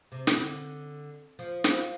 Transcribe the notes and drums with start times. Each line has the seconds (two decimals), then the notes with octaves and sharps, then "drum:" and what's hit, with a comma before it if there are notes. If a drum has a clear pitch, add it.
0.12 C3
0.27 drum: snare
0.37 D3
1.39 F3
1.64 F3, drum: snare